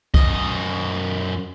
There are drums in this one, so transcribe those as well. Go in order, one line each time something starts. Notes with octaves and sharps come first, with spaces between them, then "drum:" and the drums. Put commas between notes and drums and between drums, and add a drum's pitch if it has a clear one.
F#2 D#5, drum: kick